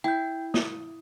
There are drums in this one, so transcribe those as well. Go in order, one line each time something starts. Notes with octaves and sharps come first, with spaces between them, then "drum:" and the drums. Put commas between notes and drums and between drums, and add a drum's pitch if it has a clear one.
E4 G5 G6
D#6, drum: snare